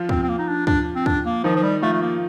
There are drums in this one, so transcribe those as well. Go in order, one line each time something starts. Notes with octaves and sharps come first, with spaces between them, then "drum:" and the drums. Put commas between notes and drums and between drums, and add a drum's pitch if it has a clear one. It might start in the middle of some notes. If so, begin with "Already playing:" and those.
Already playing: F3 F4
C4, drum: kick
C4
A#3
D#4
D4
D4, drum: kick
C4
D4, drum: kick
A#3
D#3 F3 D#4
F3
G3
F3 A3 F4
A3
A#3